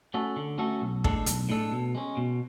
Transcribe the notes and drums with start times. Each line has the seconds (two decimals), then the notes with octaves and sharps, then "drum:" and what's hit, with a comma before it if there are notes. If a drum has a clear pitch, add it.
0.14 A3 C#4 F#4 A4
0.37 D3
0.58 A3 C#4 F#4 A4
0.82 B1
1.04 A2 G#3 D4 A4, drum: kick
1.26 B1, drum: hi-hat
1.49 A2 G#3 D4 A4
1.72 B2
1.95 G#3 C#4
2.17 B2